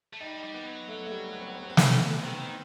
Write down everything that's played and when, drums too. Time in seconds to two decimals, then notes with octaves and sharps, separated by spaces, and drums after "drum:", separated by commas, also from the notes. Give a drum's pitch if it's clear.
0.13 A3
0.20 G3 D#4
0.43 G3
0.54 B3
0.65 F#3
0.88 A3
1.05 A3
1.11 G3
1.33 B3
1.40 C4
1.47 B3
1.55 C4
1.63 B3
1.70 C4
1.77 B3, drum: snare
1.85 C4
1.92 B3
2.23 D#3 C4